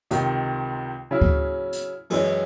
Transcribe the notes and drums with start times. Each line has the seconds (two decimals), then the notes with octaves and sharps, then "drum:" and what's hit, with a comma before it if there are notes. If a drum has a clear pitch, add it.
0.11 C#2 C3 D#3, drum: hi-hat
1.11 C#3 F#3 C#4 E4
1.22 drum: kick D2
1.72 drum: hi-hat
2.10 F#2 E3 G#3 C#4 E4, drum: cymbal